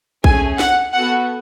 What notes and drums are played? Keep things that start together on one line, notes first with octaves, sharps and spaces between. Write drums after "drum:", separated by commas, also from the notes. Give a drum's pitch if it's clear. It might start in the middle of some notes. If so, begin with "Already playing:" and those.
A3 C#4 G#4 G#5, drum: kick A#1
F#5, drum: snare
B3 F#4 A4 F#5